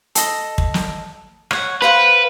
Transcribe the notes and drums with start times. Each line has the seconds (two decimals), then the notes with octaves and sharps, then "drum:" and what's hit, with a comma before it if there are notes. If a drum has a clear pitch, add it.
0.15 A4 D#5, drum: hi-hat
0.58 drum: kick
0.74 drum: snare
1.51 C#5 F#5, drum: rim click
1.82 B4 C5 F5 F#5